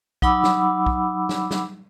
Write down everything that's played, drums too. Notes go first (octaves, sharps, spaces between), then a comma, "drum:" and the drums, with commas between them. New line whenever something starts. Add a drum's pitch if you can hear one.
F#3 D#4 F#5 B5 D6 E6, drum: kick
drum: snare
drum: kick
drum: snare
drum: snare